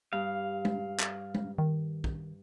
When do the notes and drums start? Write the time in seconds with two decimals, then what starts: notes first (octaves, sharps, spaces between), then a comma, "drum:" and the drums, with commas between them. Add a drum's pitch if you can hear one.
0.13 G2 F5
0.65 drum: tom
1.00 drum: clap
1.34 drum: tom
1.58 D#3
2.04 drum: kick